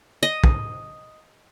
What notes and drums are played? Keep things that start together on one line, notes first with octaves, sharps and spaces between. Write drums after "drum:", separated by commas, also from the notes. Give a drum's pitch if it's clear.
D#5
drum: kick